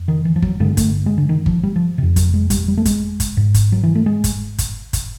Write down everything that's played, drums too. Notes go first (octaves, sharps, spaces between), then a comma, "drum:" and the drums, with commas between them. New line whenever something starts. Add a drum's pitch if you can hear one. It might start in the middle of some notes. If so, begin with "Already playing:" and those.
Already playing: F2
D#3
E3
F3
F#3, drum: kick G1
G2 D3 G#3
A3, drum: kick G1, hi-hat
G#3
D3
D#3
F3, drum: kick G1
G3
F3
F2 C3
F#3, drum: kick G1, hi-hat
G#3
G3, drum: kick G1, hi-hat
G3
A3
G#3, drum: kick G1, hi-hat
drum: kick G1, hi-hat
G#2
drum: kick G1, hi-hat
F#3
E3
A3
G#3
drum: kick G1, hi-hat
drum: kick G1, hi-hat
drum: kick G1, hi-hat